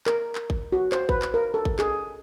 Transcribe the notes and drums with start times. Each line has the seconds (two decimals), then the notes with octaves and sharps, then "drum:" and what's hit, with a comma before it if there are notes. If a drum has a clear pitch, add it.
0.06 A#4, drum: clap
0.35 drum: clap
0.50 drum: kick G#1
0.72 F#4
0.92 C5, drum: clap
1.09 B4, drum: kick G#1
1.22 drum: clap
1.34 A#4
1.54 A4
1.65 drum: kick G#1
1.79 G#4, drum: clap